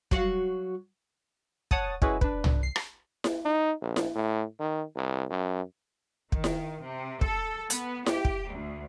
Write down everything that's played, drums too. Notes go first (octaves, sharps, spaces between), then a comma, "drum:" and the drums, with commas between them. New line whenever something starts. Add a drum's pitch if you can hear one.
F#3 F#4 F5, drum: kick
C#5 F#5 A5 D#6 A6, drum: kick
G#3 C#4 E4 F#4 G#4 B4, drum: kick
D4 B4, drum: kick
drum: tom
C7
drum: rim click
drum: snare E4
D#4
A#1
drum: snare E4
A2
D#3
C2
F#2
D#3, drum: kick
drum: snare E4
C3
A4, drum: kick
B3, drum: hi-hat
G4, drum: snare E4
drum: kick
D2